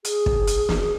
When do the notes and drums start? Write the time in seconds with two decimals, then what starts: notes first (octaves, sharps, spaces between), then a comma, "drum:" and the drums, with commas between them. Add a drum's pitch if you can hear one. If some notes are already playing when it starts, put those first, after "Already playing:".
0.05 G#4, drum: hi-hat
0.26 drum: kick
0.47 drum: hi-hat
0.69 drum: snare